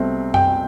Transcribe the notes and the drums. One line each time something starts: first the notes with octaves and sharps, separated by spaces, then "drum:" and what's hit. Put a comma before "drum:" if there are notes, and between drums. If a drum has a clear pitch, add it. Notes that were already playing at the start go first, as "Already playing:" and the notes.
Already playing: C2 B2 A3 C4
G5, drum: tom F#2